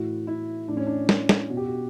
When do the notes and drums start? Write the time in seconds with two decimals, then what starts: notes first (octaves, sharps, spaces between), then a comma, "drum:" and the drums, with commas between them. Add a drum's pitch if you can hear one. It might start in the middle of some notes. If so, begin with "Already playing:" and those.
Already playing: A2 E3 F#4
0.27 E4
0.68 A2 E3 D4
0.77 C#4
0.87 D4
1.09 drum: snare
1.29 drum: snare
1.50 B2 F#4
1.57 G4
1.65 F#4